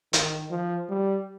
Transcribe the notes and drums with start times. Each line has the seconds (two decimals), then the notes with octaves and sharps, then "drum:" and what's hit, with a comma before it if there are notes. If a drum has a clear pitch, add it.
0.13 D#3, drum: hi-hat
0.51 F3
0.90 G3